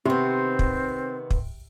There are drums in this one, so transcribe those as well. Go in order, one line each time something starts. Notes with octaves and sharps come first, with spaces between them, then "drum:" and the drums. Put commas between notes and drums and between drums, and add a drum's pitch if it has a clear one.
C3 D#3 B3 C4 G4
drum: kick
drum: kick